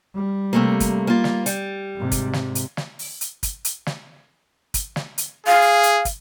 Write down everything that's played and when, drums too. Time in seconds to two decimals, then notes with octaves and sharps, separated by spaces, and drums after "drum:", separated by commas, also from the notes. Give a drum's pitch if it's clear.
0.16 G3
0.53 C3 A3 A#3
0.80 drum: kick, hi-hat
1.07 A#3 F4
1.24 drum: snare
1.46 G3, drum: hi-hat
1.96 G#2 C3
2.12 drum: kick, hi-hat
2.33 drum: snare
2.55 drum: hi-hat
2.77 drum: snare
2.99 drum: open hi-hat
3.21 drum: hi-hat
3.43 drum: kick, hi-hat
3.65 drum: hi-hat
3.86 drum: snare
4.74 drum: kick, hi-hat
4.96 drum: snare
5.18 drum: hi-hat
5.47 G#4 F5
5.61 drum: open hi-hat
5.83 drum: hi-hat
6.05 drum: kick, hi-hat